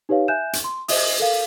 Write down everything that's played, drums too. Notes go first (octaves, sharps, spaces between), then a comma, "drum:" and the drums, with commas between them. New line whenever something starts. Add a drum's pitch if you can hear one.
D#4 G4 B4 C#5 F5
E5 G#5 F#6 G6 E7
drum: hi-hat
C6
C5 D#5 E5 D#6, drum: open hi-hat
A4 A#4 F5